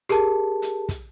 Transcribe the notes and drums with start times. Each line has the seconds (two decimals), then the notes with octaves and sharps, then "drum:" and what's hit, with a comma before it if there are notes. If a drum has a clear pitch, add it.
0.09 G4 G#4 A#4 A5, drum: hi-hat
0.62 drum: hi-hat
0.89 drum: kick, hi-hat